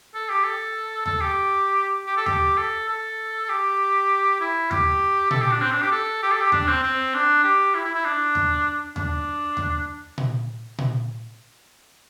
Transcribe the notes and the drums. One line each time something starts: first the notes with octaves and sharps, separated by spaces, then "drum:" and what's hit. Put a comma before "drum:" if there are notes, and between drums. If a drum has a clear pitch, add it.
A4
G4
A4
A4, drum: tom D#2
G4
G4
A4
G4, drum: tom D#2
A4
A4
G4
E4
G4, drum: tom D#2
A4, drum: tom A#2
G4
D4
C4
D4
G4
A4
G4
A4
G4
D4, drum: tom D#2
C4
C4
D4
G4
E4
E4
E4
D4
drum: tom D#2
D4, drum: tom D#2
drum: tom D#2
drum: tom A#2
drum: tom A#2